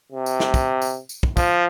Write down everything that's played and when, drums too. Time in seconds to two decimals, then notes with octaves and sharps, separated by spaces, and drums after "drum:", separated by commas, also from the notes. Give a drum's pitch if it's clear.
0.12 C3
0.26 drum: tambourine
0.40 drum: snare
0.54 drum: kick, tambourine
0.82 drum: tambourine
1.09 drum: tambourine
1.23 drum: kick
1.37 F3, drum: kick, tambourine